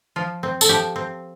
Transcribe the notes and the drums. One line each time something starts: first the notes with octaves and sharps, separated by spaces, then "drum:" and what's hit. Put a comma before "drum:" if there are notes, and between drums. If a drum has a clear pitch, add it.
F3 F4
C4
A4, drum: tambourine
F3 G4
C4